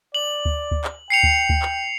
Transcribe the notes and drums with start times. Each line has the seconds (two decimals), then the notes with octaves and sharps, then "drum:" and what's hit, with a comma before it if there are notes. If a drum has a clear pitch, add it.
0.15 D5 F#7
0.45 drum: kick D2
0.71 drum: kick D2
0.84 drum: clap
1.10 G5 C7 C#7 F7
1.23 drum: kick D2
1.49 drum: kick D2
1.62 drum: clap